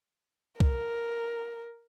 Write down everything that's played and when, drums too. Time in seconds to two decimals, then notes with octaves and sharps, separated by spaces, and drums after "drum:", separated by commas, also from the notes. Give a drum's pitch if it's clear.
0.60 A#4, drum: kick